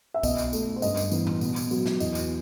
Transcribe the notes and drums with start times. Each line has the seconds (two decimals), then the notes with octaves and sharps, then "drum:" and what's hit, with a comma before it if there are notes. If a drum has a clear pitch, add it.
0.14 E5
0.23 B2 D#5, drum: kick, tambourine
0.38 drum: tambourine
0.53 A3, drum: tambourine
0.76 C5
0.82 G2 D#5, drum: tambourine
0.97 drum: tambourine
1.12 E3 B3, drum: tambourine
1.27 drum: tom A2
1.41 B2, drum: tambourine
1.56 drum: tambourine
1.71 F#3 B3, drum: tambourine
1.86 drum: snare
2.00 E2 D#5, drum: tambourine
2.15 drum: tambourine